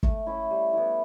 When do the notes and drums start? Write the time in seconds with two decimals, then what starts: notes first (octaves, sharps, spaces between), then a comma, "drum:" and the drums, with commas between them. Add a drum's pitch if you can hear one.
0.03 A3, drum: kick G1
0.27 C#4 E4
0.50 G3
0.73 B3 E4